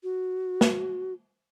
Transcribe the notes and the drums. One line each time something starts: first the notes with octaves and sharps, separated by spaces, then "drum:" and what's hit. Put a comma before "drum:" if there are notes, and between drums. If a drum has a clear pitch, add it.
F#4
drum: snare